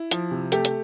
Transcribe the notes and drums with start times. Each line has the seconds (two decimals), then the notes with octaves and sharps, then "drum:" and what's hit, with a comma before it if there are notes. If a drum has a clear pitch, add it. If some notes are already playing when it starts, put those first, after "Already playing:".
Already playing: E4
0.11 F3, drum: hi-hat
0.31 C3
0.52 A3 G4, drum: hi-hat
0.65 drum: hi-hat